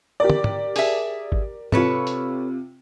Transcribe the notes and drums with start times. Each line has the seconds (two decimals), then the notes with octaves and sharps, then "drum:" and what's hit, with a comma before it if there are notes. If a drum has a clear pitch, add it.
0.20 G4 A#4 D5
0.30 drum: tom
0.44 drum: tom
0.76 G#4 E5, drum: open hi-hat
1.32 drum: kick G#1
1.72 C3 F4 A4 B4 C#5, drum: tom
2.07 drum: hi-hat